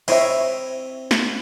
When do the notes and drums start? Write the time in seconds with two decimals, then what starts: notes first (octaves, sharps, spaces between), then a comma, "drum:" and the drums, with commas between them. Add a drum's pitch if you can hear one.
0.08 C4 E4 C#5 D#5 E5, drum: cymbal
1.11 drum: snare